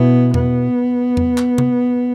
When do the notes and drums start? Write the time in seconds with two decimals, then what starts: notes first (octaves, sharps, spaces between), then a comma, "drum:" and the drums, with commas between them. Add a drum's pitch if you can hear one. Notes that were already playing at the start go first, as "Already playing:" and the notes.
Already playing: B2 B3 E4
0.34 B3, drum: tom E2
1.17 drum: tom E2
1.38 drum: clap
1.58 drum: tom C3